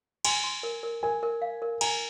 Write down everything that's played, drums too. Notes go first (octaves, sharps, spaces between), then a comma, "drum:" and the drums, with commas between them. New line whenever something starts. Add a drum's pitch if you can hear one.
G#5 C6, drum: cymbal
C6
A#4
A#4
A#4 G#5
A#4
F5
A#4
G#5 A#5, drum: cymbal